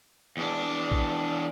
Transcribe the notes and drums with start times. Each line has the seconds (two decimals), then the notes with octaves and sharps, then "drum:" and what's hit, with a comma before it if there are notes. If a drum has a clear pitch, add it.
0.37 E2 D4
0.92 drum: kick